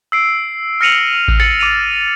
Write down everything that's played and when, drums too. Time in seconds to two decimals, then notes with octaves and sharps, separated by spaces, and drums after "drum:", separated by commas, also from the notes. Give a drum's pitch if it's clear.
0.12 E6 C7 D7
0.81 F6 A#6 C#7 D#7 F7 F#7
1.28 drum: kick A1
1.40 A6 C#7 F#7
1.60 D6 D#7 F7